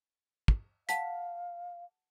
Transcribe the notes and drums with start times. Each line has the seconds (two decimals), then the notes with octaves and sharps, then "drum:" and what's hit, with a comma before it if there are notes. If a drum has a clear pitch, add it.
0.48 drum: kick
0.89 F5 F#5 A5 B6, drum: hi-hat